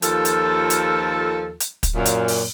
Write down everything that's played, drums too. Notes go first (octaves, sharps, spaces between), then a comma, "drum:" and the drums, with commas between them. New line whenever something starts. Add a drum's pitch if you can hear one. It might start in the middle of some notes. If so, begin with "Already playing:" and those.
D#2 F3 F4 A4, drum: hi-hat
drum: hi-hat
drum: hi-hat
drum: hi-hat
drum: kick, hi-hat
F#2 A#2
drum: hi-hat
drum: open hi-hat